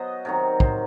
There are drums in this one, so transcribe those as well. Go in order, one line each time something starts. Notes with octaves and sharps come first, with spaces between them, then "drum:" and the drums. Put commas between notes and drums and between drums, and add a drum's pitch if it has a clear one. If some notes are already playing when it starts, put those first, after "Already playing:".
Already playing: F#3 B3 C5 D#5
C3 D#3 F#3
C5, drum: kick